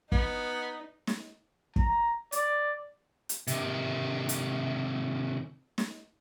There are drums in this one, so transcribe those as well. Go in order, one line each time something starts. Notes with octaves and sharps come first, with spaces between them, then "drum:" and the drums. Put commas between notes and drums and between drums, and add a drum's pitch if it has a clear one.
B3 D#4, drum: kick
drum: snare
A#5, drum: kick
D5, drum: hi-hat
drum: hi-hat
C3 D#3, drum: hi-hat
drum: hi-hat
drum: snare